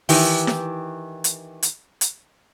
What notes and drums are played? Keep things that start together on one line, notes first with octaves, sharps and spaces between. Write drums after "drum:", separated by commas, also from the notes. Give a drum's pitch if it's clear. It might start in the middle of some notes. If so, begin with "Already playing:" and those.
D#3 E3 G4, drum: open hi-hat
drum: snare E4
drum: hi-hat
drum: hi-hat
drum: hi-hat